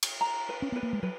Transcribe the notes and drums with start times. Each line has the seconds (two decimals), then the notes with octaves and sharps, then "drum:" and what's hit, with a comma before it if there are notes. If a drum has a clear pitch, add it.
0.03 drum: cymbal
0.21 A#5
0.49 B4
0.62 C#4
0.72 B3 B4
0.83 A#3
0.93 G#3
1.03 F#3 B4